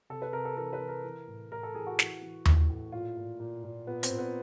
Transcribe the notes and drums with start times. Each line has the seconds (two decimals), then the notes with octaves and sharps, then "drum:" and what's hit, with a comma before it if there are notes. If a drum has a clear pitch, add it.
0.10 C3 A4
0.22 B4
0.33 C3 A#4
0.45 A4
0.57 E3 A#4
0.73 B4
0.80 E3
0.88 A#4
1.05 E3
1.28 A2
1.51 A2 A#4
1.63 A4
1.75 E3 G#4
1.87 F#4
1.99 E3, drum: snare
2.22 E3
2.45 E3, drum: tom D#2
2.69 A2
2.92 A#2 F4
3.16 A#2
3.40 A#2
3.64 A#2
3.87 A#2 B3
4.03 C4, drum: hi-hat
4.11 A#2
4.18 B3